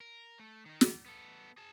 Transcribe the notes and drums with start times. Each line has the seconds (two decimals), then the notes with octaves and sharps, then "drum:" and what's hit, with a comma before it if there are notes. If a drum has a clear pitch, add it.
0.01 A#4
0.40 A3
0.66 D#3 D#4
0.81 drum: snare
1.06 B3 A4
1.58 G#4 A5